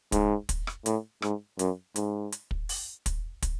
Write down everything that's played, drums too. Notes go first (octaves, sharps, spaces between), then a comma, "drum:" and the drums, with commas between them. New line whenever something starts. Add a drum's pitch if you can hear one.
G#2, drum: kick, hi-hat
drum: kick, hi-hat
drum: rim click
A2, drum: hi-hat
G#2, drum: rim click
F#2, drum: hi-hat
G#2, drum: hi-hat
drum: hi-hat
drum: kick
drum: open hi-hat
drum: kick, hi-hat
drum: kick, hi-hat